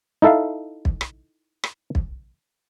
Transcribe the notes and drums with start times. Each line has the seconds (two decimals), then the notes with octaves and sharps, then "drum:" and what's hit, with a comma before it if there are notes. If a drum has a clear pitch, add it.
0.22 D#4 E4 A4 E5 F5
0.85 drum: kick
1.01 drum: rim click
1.64 drum: rim click
1.95 drum: kick